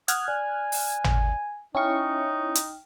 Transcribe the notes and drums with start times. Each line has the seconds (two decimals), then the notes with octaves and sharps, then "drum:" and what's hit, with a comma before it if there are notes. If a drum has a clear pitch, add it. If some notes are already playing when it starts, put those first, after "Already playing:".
0.08 F#5 D#6 F6 F#6 G#6, drum: hi-hat
0.28 D5 G#5
0.72 drum: open hi-hat
1.04 drum: tom
1.75 C#4 D#4 E4 G5 C#6 F6
2.55 drum: hi-hat